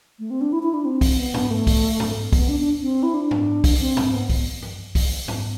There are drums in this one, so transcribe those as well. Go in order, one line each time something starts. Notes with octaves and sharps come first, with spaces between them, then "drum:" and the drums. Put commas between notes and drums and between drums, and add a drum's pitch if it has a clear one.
A3
C4
D4
E4
E4
D4
C4
drum: kick, open hi-hat
B3
drum: tom G#2
A3
drum: kick, open hi-hat
drum: tom G#2
B3, drum: kick, open hi-hat
D4
D4
C4
E4
D4
drum: tom G#2
drum: kick, open hi-hat
C4
drum: tom G#2
B3
drum: kick, open hi-hat
drum: tom G2
drum: kick, open hi-hat
drum: tom G#2